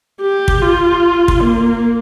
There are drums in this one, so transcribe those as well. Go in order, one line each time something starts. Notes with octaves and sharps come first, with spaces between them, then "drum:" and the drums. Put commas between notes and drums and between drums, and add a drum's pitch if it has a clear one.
G4
drum: kick
F4
drum: kick
A#3